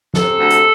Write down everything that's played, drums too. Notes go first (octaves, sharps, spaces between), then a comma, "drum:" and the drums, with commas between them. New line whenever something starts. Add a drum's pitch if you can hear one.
C3 A4, drum: snare
D2
drum: hi-hat